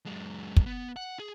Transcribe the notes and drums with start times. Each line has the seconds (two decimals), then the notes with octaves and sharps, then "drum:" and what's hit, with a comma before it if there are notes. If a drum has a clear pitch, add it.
0.06 F#2 G#3
0.57 drum: kick
0.66 B3
0.96 F#5
1.19 G#4